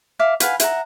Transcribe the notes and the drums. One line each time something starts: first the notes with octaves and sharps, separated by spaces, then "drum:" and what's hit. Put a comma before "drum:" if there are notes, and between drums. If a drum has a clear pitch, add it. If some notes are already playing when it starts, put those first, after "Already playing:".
E5 F5 D6
B4 F5 F#5 G#5, drum: hi-hat
E5 F#5 A#5, drum: hi-hat